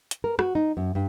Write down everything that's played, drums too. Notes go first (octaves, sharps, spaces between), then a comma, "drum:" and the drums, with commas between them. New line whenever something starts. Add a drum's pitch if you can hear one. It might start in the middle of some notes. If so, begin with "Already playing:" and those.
drum: hi-hat
A#4
F#4, drum: rim click
D#4
F#2
G2